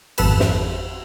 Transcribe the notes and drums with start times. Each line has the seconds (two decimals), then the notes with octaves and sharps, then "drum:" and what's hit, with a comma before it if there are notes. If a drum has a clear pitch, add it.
0.18 G#1 F2 A4 B4 E7, drum: cymbal
0.40 drum: snare